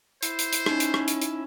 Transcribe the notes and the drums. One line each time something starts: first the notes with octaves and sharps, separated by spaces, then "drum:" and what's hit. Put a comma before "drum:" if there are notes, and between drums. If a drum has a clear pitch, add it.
E4 C5, drum: hi-hat
drum: hi-hat
drum: hi-hat
C#4 D#4, drum: rim click
drum: hi-hat
drum: rim click
drum: hi-hat
drum: hi-hat